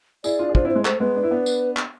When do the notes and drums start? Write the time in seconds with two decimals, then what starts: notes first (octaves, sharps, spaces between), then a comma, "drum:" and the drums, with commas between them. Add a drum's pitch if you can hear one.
0.24 E4 G#4 D5, drum: tambourine
0.39 D4 F4
0.49 G#4
0.55 D4 F4 C5, drum: kick
0.65 C4 E4 C5
0.75 G#3
0.85 A3 C5, drum: clap
1.00 G#3 B3 B4
1.16 D4
1.23 E4
1.31 B3 D4
1.46 drum: tambourine
1.77 drum: clap